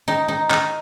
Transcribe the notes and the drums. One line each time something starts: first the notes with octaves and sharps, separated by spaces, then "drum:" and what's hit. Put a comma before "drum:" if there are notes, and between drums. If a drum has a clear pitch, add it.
D#4
D#4
D#4, drum: clap